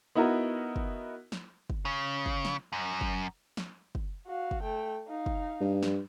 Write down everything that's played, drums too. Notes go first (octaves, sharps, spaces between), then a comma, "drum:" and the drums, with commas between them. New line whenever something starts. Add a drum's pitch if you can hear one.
B3 D#4 E4 F#4 A#4
drum: kick
drum: snare
drum: kick
C#3
drum: kick
drum: snare
F#2
drum: kick
drum: snare
drum: kick
F#4 F5
drum: kick
A3 G5
D#4 F5
drum: kick
G2
drum: snare